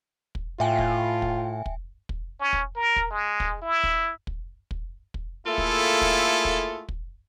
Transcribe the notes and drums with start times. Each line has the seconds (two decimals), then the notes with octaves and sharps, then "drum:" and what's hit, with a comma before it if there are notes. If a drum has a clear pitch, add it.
0.35 drum: kick
0.60 A2 F4 E5 G5 G#5
0.78 drum: kick
1.22 drum: kick
1.66 drum: kick
2.09 drum: kick
2.40 C#4
2.53 drum: kick
2.76 A#4
2.96 drum: kick
3.11 G#3
3.40 drum: kick
3.62 E4
3.83 drum: kick
4.27 drum: kick
4.71 drum: kick
5.14 drum: kick
5.46 A3 A#3 E4 F4 G#4 A4
5.58 drum: kick
6.01 drum: kick
6.45 drum: kick
6.89 drum: kick